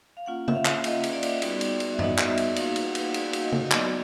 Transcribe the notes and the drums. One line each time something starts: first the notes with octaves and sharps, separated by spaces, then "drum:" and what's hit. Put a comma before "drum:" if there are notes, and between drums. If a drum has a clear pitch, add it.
F5
A#3 C#4 F4 F#5
E5, drum: tom
F5
drum: clap
A#3 C#4 F4 D#5, drum: cymbal
drum: cymbal
D5
drum: cymbal
G3 B3 D#4 F#4 D5, drum: cymbal
drum: cymbal
drum: cymbal
E5
G3 B3 D#4 F#4 D#5, drum: tom F#2
drum: clap
E5
drum: cymbal
A#3 D#4 F#4 F5, drum: cymbal
drum: cymbal
F#5
drum: cymbal
A#3 D#4 F#4 F5, drum: cymbal
drum: cymbal
D#5
drum: tom
D#5
F#3 B3 D#4 F#4 D5, drum: clap